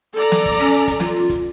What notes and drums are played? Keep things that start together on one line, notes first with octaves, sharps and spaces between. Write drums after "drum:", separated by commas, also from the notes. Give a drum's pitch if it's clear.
A4 D5 A#5
drum: snare
drum: kick, hi-hat
C#4, drum: hi-hat
drum: hi-hat
drum: kick, hi-hat
F4, drum: snare
drum: kick, hi-hat